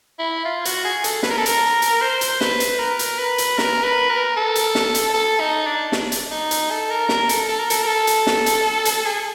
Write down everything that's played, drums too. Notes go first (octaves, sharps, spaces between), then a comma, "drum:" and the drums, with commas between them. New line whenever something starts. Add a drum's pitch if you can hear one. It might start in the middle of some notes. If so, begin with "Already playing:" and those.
E4
F4
F#4, drum: hi-hat
G#4
A4, drum: hi-hat
B4, drum: snare
A#4
A4
A#4, drum: hi-hat
drum: hi-hat
C5
drum: hi-hat
B4, drum: snare
drum: hi-hat
A#4
drum: hi-hat
B4
drum: hi-hat
A#4, drum: snare
B4
A#4
A4
drum: hi-hat
drum: snare
drum: hi-hat
A4
D#4
D4
drum: snare
drum: hi-hat
D#4
drum: hi-hat
A4
A#4
A#4, drum: snare
A4, drum: hi-hat
A4
A#4
A4, drum: hi-hat
A#4
A4
drum: hi-hat
drum: snare
drum: hi-hat
drum: hi-hat
G#4